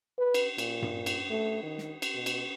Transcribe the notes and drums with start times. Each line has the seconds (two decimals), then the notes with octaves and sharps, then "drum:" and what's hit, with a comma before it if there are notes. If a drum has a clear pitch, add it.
0.18 B4
0.34 drum: cymbal
0.58 A#2, drum: cymbal
0.82 drum: tom G2
1.06 drum: cymbal
1.30 A3
1.63 D#3
1.78 drum: snare
2.02 drum: cymbal
2.15 B2
2.26 drum: cymbal